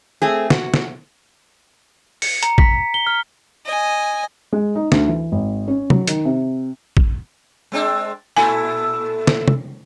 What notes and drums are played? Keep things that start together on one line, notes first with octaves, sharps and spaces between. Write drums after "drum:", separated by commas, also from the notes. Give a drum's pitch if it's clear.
A3 C4 G#4
F#4, drum: snare
drum: snare
C#7, drum: open hi-hat
A#5, drum: hi-hat
B6, drum: kick
G7
F6
D#5 G#5
G#3
D#4
D2, drum: snare
E3
G#1
C#4
F#3, drum: tom
D#3, drum: hi-hat
C3
drum: kick
G#3 C4 D4
A#2 A3 E4 G#5
drum: snare
drum: tom